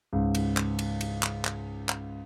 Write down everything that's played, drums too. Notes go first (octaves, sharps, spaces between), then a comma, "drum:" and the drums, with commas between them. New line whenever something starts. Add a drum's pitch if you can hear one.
C#2 G#2
drum: cymbal
drum: clap
drum: cymbal
drum: cymbal
drum: clap
drum: clap
drum: clap